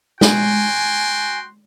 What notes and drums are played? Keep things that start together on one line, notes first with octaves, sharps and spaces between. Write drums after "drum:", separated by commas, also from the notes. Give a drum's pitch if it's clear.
F#4 G5 G#5 C6, drum: snare